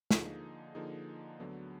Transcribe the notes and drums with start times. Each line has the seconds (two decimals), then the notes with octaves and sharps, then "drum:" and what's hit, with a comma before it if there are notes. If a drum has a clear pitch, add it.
0.11 D3 F3 A#3 D#4 G#4, drum: snare
0.75 D3 F3 A#3 D#4 G#4
1.40 D2 D3 F#3 B3